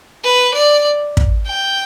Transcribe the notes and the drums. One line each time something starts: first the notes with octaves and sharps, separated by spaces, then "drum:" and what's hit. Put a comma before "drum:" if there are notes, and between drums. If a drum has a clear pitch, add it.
B4
D5
drum: kick
G5